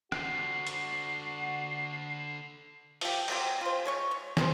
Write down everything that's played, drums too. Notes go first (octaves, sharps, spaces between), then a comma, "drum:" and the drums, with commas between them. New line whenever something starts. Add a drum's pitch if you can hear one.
D3 F#4 C5 C7, drum: rim click
drum: hi-hat
F3 G4, drum: open hi-hat
F#3 C4 G4, drum: cymbal
F4 C5
G#3 C#5 C#6
C#5
C4 G#4 A#4 C5, drum: snare